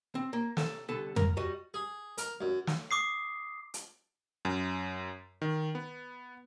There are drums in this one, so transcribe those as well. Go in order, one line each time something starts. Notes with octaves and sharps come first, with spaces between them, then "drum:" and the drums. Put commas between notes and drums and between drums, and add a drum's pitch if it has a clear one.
C4
A#3
C3 A4, drum: snare
C2 D3 B3 A4
A#4, drum: tom
G3 F#4 D#5
G#4
A#4, drum: hi-hat
F#2
drum: snare
D6 D#6 C7
drum: hi-hat
F#2
D#3
B3